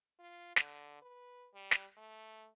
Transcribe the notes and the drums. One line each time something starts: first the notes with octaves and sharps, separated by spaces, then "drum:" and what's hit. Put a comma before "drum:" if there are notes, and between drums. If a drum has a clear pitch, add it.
F4
D3, drum: snare
B4
G3
drum: snare
A3